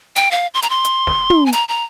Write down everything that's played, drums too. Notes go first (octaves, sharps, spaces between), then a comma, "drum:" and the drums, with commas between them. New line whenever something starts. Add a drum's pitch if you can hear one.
G5, drum: hi-hat
F5
C6
A#5, drum: hi-hat
C6
drum: hi-hat
drum: snare
drum: tom
G#5
A#5, drum: hi-hat
A#5